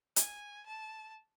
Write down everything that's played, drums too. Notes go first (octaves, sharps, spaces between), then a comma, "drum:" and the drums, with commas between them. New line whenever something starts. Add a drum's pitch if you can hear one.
G#5, drum: hi-hat
A5